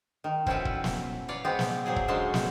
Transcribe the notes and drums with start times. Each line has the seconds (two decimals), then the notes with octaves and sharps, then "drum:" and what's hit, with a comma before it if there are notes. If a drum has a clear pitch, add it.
0.24 D#3
0.46 C4 C#4 E4 F#4 A4 B4, drum: kick
0.65 drum: kick
0.84 drum: snare
1.28 B4 C#5 D5 F5
1.45 G#3 B3 C4
1.59 drum: snare
1.86 A#2 F#3 C4 G#4
1.96 drum: kick
2.08 D3 F#3 G#3 C#4 C5 A5
2.34 drum: snare